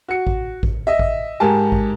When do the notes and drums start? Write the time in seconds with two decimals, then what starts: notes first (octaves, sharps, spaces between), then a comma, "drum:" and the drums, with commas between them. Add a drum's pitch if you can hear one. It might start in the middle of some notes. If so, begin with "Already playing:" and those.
0.08 F#4 C#7
0.27 drum: kick A1
0.63 drum: kick A1
0.87 D#5 E5
0.99 drum: kick A1
1.40 G#2 G4 A#4 G#5 A5
1.72 drum: kick A1